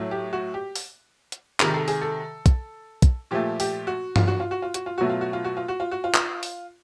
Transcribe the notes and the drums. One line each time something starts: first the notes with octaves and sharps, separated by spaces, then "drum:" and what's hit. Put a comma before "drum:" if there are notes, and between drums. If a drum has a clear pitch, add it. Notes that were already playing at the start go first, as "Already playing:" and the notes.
Already playing: A2 F#3 A3
G4
F#4
G4
drum: open hi-hat
drum: hi-hat
C3 D#3 G#3 A#4, drum: clap
A4
G#4, drum: open hi-hat
A4
drum: kick, hi-hat
drum: kick, hi-hat
A#2 F3 A3 G4
G4, drum: open hi-hat
F#4
F4, drum: tom G2
F#4
F4
F#4
F4
F#4, drum: hi-hat
F4
B2 F#3 A3 F#4
F4
F#4
F4
F#4
F4
F#4
F4
F#4
F4
drum: clap
drum: open hi-hat